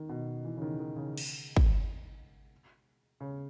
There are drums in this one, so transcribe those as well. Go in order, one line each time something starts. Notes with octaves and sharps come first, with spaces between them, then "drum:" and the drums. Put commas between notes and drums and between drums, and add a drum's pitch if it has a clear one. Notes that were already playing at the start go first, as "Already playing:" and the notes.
Already playing: D#3
B2
E3
C#3
D#3
D#3
C#3
drum: cymbal
drum: kick
C#3